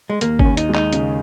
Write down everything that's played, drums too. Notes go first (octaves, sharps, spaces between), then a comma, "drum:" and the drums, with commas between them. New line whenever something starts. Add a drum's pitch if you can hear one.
G#3
D#2 A#3, drum: hi-hat
C#4, drum: kick G1
D#2
D#4, drum: hi-hat
G#3
D#4, drum: clap
C#3, drum: hi-hat